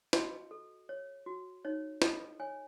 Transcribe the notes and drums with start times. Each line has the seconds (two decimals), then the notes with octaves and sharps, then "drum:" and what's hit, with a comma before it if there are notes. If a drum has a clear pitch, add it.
0.13 F#4 D#5, drum: snare
0.51 A4
0.89 C#5
1.26 F#4
1.65 D#4 C#5
2.02 A4 D#5, drum: snare
2.40 C#5 G#5